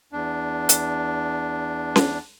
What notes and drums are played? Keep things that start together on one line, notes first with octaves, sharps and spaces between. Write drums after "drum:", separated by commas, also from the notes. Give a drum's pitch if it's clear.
E2 D4
drum: hi-hat
drum: snare C#4